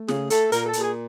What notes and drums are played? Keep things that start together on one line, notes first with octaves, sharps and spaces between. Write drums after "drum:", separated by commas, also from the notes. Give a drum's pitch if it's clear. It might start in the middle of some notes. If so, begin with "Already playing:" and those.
Already playing: A3
C#3 G#4, drum: snare
A3 A4, drum: hi-hat
A#2 A#4, drum: hi-hat
A4
A#2, drum: hi-hat
G#4